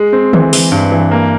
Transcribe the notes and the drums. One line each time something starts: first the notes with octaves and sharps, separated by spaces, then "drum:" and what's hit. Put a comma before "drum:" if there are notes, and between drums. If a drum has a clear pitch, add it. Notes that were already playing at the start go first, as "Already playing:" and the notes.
Already playing: G#3
C4
E3, drum: tom D3
E3, drum: open hi-hat
G2
E3
A#3